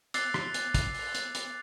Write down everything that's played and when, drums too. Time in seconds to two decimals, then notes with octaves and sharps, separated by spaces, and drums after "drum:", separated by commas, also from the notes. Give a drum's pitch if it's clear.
0.14 D6 E6 F#6 A6 C7, drum: hi-hat
0.34 drum: rim click
0.54 drum: hi-hat
0.74 drum: kick, hi-hat
0.95 drum: open hi-hat
1.15 drum: hi-hat
1.35 drum: hi-hat